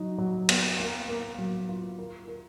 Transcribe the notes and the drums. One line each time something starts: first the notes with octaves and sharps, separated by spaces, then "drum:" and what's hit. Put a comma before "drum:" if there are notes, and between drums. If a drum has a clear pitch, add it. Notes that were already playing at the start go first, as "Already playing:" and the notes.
Already playing: F#3 D#4
F#3
B3, drum: cymbal
A#3
A#3
F#3
F4
A#4
A#4